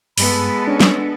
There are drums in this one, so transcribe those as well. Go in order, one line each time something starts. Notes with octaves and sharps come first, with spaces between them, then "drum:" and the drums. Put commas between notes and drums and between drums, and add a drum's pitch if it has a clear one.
G2 G#3 B3 A4 B5, drum: open hi-hat
C#4 D4
drum: snare